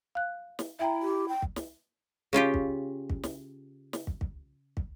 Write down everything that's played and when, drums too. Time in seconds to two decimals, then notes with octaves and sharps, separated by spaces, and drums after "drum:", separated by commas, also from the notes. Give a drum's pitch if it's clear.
0.15 F5 F#6
0.59 drum: snare
0.79 E4 E5 G5 A#5
1.02 G4
1.28 G5
1.42 drum: kick
1.56 drum: snare
2.33 C#3 C#4 F4 G4
2.54 drum: kick
3.10 drum: kick
3.23 drum: snare
3.93 drum: snare
4.07 drum: kick
4.21 drum: kick
4.77 drum: kick